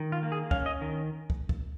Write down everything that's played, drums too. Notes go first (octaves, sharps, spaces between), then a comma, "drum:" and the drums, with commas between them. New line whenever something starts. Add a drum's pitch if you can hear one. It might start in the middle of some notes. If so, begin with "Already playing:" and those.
Already playing: D#3
F4
A#3
G#4
C#4 F5, drum: kick
D#5
D#3
drum: kick
drum: kick